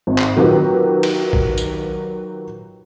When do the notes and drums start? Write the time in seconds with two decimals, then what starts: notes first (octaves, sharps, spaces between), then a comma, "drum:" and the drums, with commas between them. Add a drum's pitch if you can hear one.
0.07 G#1
0.18 drum: clap
0.37 D#3 F#3 F4 G4 B4
1.03 drum: cymbal
1.33 drum: kick A#1
1.58 drum: tambourine